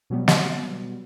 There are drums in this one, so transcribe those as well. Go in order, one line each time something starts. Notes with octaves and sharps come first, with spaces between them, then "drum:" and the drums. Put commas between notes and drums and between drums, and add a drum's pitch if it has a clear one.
B2 F#3 G3 B3
drum: snare